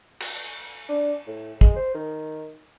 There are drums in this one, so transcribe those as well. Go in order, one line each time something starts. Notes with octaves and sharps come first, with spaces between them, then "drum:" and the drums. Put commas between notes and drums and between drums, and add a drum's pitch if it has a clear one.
drum: cymbal
D4
A2
G#3, drum: kick
C5
D#3